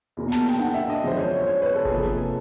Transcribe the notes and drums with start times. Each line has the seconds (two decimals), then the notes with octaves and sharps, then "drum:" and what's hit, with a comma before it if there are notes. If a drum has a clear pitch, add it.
0.17 E2 B2 F#3 A#3
0.32 A5, drum: snare
0.48 G5
0.60 F#5, drum: tom D4
0.74 E5
0.90 D#5
1.04 F#2 D3 F3 G#3 C5
1.19 C#5
1.47 C#5
1.62 B4
1.76 A4
1.85 G#4, drum: kick G1
1.90 C3 F3 A#3 A4